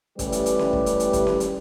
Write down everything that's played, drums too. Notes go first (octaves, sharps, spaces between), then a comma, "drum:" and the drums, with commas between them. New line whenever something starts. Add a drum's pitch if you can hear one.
E3 G3 A3 C#4 G4 B4, drum: kick, hi-hat
drum: hi-hat
drum: hi-hat
drum: snare C#4
drum: kick
drum: hi-hat
drum: hi-hat
drum: kick, hi-hat
drum: snare C#4
drum: hi-hat